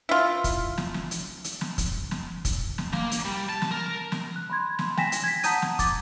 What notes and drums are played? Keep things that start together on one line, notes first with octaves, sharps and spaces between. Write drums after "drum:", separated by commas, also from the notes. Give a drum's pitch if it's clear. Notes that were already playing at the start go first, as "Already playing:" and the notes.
E4 F4
drum: kick, hi-hat
drum: snare
drum: snare
drum: hi-hat
drum: hi-hat
drum: snare
drum: kick, hi-hat
drum: snare
drum: kick, hi-hat
drum: snare
A#3, drum: snare
drum: hi-hat
G3
A5
drum: snare
A#4
drum: snare
F#6
B5 C6 G#6
drum: snare
G5 G#5 A#6 B6 E7, drum: snare
drum: hi-hat
G#6 B6
F#5 A5 A#5 D#6 G6 D#7, drum: hi-hat
drum: snare
D6 A6, drum: kick, hi-hat